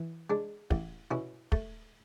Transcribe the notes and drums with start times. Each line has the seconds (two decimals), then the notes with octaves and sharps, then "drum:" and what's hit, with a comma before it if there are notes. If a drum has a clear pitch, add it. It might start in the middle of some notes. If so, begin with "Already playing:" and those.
Already playing: E3
0.30 G#3 D4
0.71 A1, drum: kick
1.11 B2 C#4 E4
1.52 A3, drum: kick